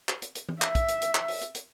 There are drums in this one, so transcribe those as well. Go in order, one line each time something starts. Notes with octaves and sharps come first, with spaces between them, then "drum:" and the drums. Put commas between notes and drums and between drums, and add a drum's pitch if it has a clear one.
drum: clap
drum: hi-hat
drum: hi-hat
drum: tom E3
E5, drum: clap
drum: kick, hi-hat
drum: hi-hat
drum: hi-hat
drum: clap
drum: open hi-hat
drum: hi-hat
drum: hi-hat